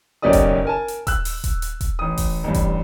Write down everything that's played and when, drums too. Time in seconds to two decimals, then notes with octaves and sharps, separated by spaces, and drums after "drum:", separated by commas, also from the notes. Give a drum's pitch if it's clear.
0.22 F#1 B1 C#4 G4 D5 D#6
0.33 drum: kick D#1, hi-hat
0.65 A#4 G#5 A5
0.88 drum: hi-hat
1.07 E6 F#6, drum: kick D#1, hi-hat
1.25 drum: open hi-hat
1.44 drum: kick D#1, hi-hat
1.62 drum: hi-hat
1.81 drum: kick D#1, hi-hat
1.99 A1 D#6
2.18 drum: kick D#1, open hi-hat
2.44 A1 G2
2.54 drum: kick D#1, hi-hat